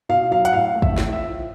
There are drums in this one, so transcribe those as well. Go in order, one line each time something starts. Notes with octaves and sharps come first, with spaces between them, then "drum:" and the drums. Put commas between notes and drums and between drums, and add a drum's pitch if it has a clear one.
B2 F5
F#3 F5
F#5, drum: hi-hat
A2 F5
A3
E5, drum: kick
A2, drum: snare
E5
F3